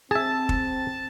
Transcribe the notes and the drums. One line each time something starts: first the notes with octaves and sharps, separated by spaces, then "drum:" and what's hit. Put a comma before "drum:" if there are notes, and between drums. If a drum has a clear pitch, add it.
C4 G#4 E5 A5
drum: kick